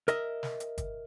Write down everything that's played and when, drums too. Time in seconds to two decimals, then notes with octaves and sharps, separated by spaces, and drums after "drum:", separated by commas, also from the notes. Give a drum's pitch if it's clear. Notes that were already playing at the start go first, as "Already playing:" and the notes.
0.08 A#4 D#5 E5, drum: hi-hat
0.43 drum: snare
0.60 drum: hi-hat
0.78 drum: kick, hi-hat